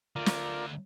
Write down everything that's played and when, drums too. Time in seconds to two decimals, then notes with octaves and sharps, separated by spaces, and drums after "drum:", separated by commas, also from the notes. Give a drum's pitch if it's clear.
0.16 D3 A3 F4 A#4 D5
0.26 drum: snare